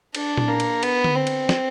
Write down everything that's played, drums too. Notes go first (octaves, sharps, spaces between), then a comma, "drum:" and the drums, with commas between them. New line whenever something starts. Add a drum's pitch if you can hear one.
D4, drum: cymbal
drum: tom A#2
A#3
drum: cymbal
B3, drum: cymbal
drum: tom D3
C4
drum: cymbal
drum: snare